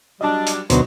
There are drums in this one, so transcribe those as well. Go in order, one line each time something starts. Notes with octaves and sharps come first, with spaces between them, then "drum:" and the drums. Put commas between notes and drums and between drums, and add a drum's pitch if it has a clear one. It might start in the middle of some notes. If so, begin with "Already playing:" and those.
F#3 G3 D4 D#5 A5
drum: hi-hat
D2 B2 F#3 B3 D#4 C5, drum: hi-hat